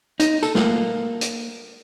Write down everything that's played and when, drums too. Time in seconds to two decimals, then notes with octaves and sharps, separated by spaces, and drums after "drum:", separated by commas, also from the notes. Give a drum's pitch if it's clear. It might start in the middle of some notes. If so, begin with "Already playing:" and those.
0.20 D#4, drum: hi-hat
0.43 A4, drum: tambourine
0.55 A#3, drum: snare
1.21 drum: hi-hat